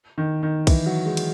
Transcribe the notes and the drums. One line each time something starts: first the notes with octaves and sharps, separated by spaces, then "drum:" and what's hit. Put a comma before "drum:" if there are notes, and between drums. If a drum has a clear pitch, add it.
D#3
D#3
E3, drum: kick, cymbal
F#3
G#3
drum: cymbal